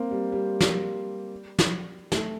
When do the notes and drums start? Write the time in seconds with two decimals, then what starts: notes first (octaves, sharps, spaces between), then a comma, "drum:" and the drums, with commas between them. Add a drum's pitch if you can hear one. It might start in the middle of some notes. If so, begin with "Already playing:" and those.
Already playing: A#3 C4
0.11 G3
0.32 G3
0.61 drum: snare
1.59 drum: snare
2.12 A3, drum: snare